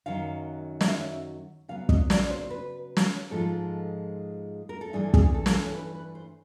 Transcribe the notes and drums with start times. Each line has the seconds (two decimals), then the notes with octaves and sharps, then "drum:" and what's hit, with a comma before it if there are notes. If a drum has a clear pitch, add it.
0.06 F#2 D#3 F#3 F5
0.81 D#5, drum: snare
0.88 E5
1.68 C#3 F#3 B3 F5
1.89 D#5, drum: kick
2.10 D5, drum: snare
2.30 C5
2.43 C5
2.50 B4
2.97 drum: snare
3.30 G#2 F3 G#3 A4
4.69 A#4
4.81 A4
4.93 G2 E3 A3 G#4
5.14 G#4, drum: kick
5.34 A4
5.46 A#4, drum: snare
5.54 A4
5.75 B4
5.95 B4
6.15 C5